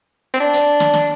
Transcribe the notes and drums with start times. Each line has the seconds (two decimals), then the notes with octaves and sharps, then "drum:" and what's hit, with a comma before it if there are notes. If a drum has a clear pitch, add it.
0.34 C4
0.40 D4
0.53 drum: hi-hat
0.80 drum: snare
0.94 drum: snare